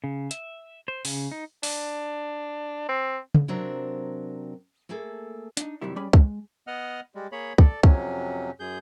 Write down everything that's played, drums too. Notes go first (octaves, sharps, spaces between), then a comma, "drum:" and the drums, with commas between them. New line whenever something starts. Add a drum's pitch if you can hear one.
C#3
E5, drum: hi-hat
C5
C#3, drum: open hi-hat
D#4
D4, drum: open hi-hat
C4
drum: tom C#3
C3 F#3 C4 D4 A#4 A#5
A3 A#3 G#4 A4
D4 D#4, drum: hi-hat
F#2 C3 D#3 G3 E4
G3 C#4 G#4 D5 B5
G#3, drum: kick
B3 D#5 F#5 F6
G3 G#3
A#3 G#4 C#5 B5
A4 D5, drum: kick
F2 C3 F#3 C#4, drum: kick
F#2 G#4 G6